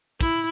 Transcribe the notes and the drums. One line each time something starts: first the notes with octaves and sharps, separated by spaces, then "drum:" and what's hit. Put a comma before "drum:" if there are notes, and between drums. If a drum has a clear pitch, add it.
E4, drum: kick, hi-hat